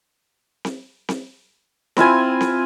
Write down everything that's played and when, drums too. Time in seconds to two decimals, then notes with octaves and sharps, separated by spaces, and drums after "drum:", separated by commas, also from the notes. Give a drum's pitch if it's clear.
0.65 drum: snare C4
1.09 drum: snare C4
1.97 C4 E4 F4 G#5, drum: snare C4
2.41 drum: snare C4